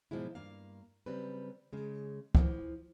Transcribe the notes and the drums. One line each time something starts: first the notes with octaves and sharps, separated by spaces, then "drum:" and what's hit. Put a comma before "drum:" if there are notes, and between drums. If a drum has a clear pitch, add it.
G#2 B2 F3 F#3 G#3 E4
G2 A#3 F5
C#3 F#3 G3 C4 B4
C#3 G#3
E3 F3, drum: kick